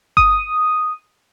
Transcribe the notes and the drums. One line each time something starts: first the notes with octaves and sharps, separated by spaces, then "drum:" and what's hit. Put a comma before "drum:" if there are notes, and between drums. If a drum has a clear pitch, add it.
D#6, drum: kick G1